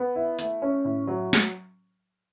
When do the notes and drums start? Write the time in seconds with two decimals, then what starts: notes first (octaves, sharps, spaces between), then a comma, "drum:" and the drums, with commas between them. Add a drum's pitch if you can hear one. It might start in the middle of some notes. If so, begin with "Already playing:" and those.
Already playing: B3
0.16 E4
0.39 A3, drum: hi-hat
0.62 C#4
0.85 A2
1.07 F#3
1.33 drum: snare